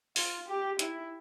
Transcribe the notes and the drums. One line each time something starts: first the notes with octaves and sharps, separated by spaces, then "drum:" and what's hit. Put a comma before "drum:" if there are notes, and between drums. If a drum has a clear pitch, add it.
F4, drum: open hi-hat
G4
E4, drum: hi-hat